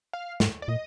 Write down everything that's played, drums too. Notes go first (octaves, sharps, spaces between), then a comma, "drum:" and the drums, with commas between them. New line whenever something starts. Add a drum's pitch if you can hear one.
F5
G#2, drum: snare
D5
A#2 D#5